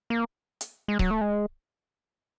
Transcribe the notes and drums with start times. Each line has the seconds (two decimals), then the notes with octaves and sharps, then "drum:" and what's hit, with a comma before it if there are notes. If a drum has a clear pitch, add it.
0.10 A#3
0.61 drum: hi-hat
0.88 G#3
0.99 F#3, drum: kick C#1
1.11 A3
1.21 G#3